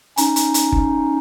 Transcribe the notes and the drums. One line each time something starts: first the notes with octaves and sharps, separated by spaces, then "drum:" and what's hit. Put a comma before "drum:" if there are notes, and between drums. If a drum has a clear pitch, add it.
C#4 D#4, drum: hi-hat
drum: hi-hat
drum: hi-hat
drum: kick